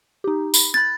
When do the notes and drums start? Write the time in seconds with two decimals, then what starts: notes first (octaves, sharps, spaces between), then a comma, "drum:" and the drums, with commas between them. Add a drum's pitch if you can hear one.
0.24 D#4 G4
0.54 B5, drum: tambourine
0.74 B5 F#6 G#6 A6